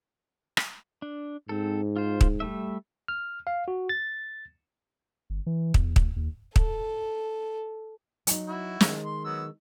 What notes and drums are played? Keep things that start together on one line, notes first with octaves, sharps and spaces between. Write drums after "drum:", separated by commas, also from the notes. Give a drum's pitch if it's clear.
drum: rim click
D4
G#2 C4 A4
F4 C5
drum: kick
G3 A3 E5
F6
F5
F#4
A6
G1
E3
E2, drum: kick
D2, drum: kick
D#2
A4, drum: kick
F#3 D#4, drum: hi-hat
E4 F#4
D#3 G#3, drum: snare
C6
F#3 B3 E6